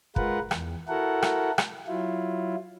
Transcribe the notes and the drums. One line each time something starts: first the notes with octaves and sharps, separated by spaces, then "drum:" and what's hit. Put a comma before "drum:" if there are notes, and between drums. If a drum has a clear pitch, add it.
G#3 F4 A#4 B4 F#5, drum: kick
E2, drum: rim click
E4 F#4 A4 A#4 F#5
drum: rim click
drum: rim click
F#3 E4 F4